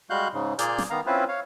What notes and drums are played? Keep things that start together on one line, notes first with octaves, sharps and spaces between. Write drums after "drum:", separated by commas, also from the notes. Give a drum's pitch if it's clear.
G3 G#3 F#4 F5 F#6 G6
G#2 C#3
A#2 A#3 G#4 D5 F6 G6, drum: hi-hat
drum: snare
D#3 B3 F5 A#5
C4 C#4 E4 F4 B4 C5
C#5 F5